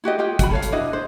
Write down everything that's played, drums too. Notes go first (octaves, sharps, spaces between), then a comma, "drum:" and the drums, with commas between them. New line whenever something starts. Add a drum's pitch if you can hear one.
E4 F#4 G4 D#5
F4 G4 D#5 G5
F#4 G5 B5, drum: kick, hi-hat
A4 C#5 F5
drum: hi-hat
D4 E4 F#4 D#5
C5